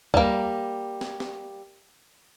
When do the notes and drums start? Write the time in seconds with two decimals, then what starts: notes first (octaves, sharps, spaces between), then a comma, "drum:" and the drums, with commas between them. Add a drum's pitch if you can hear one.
0.14 G3 A#3, drum: kick C#2
1.01 drum: snare
1.20 drum: snare